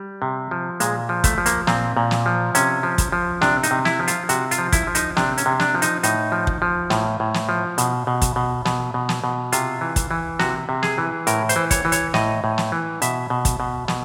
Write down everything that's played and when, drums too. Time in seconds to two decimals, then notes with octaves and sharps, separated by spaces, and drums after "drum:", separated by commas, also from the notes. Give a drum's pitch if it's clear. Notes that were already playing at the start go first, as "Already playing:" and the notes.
Already playing: G3
0.22 C3
0.51 F3
0.80 A#2 G#3, drum: hi-hat
1.09 F3
1.24 A3, drum: kick, hi-hat
1.38 F3
1.46 A#3, drum: hi-hat
1.67 A#2 C4, drum: snare
1.97 A#2
2.11 drum: snare
2.26 F3
2.55 C3 C#4, drum: hi-hat
2.83 F3
2.98 drum: kick, hi-hat
3.12 F3
3.41 C3 D4, drum: snare
3.63 D#4, drum: hi-hat
3.71 C3
3.85 E4, drum: snare
3.99 F3
4.08 F4, drum: hi-hat
4.29 C3 F#4, drum: hi-hat
4.51 F4, drum: hi-hat
4.58 F3
4.73 E4, drum: kick, hi-hat
4.87 F3
4.95 D#4, drum: hi-hat
5.17 C3 D4, drum: snare
5.38 C#4, drum: hi-hat
5.46 C3
5.60 D4, drum: snare
5.75 F3
5.82 D#4, drum: hi-hat
6.03 A2 D#4, drum: hi-hat
6.32 F3
6.47 drum: kick
6.62 F3
6.90 A2, drum: snare
7.20 A2
7.34 drum: snare
7.49 F3
7.78 B2, drum: hi-hat
8.07 B2
8.22 drum: kick, hi-hat
8.36 B2
8.65 B2, drum: snare
8.94 B2
9.09 drum: snare
9.24 B2
9.52 C3 F4, drum: hi-hat
9.81 E3
9.96 drum: kick, hi-hat
10.11 E3
10.39 C3 F#4, drum: snare
10.69 C3
10.83 G#4, drum: snare
10.98 E3
11.27 A2 A#4, drum: hi-hat
11.49 C5, drum: hi-hat
11.56 E3
11.71 C#5, drum: kick, hi-hat
11.85 E3
11.92 C#5, drum: hi-hat
12.14 A2 D#5, drum: snare
12.44 A2
12.58 drum: snare
12.72 E3
13.02 B2 E5, drum: hi-hat
13.30 B2
13.45 drum: kick, hi-hat
13.60 B2
13.88 B2, drum: snare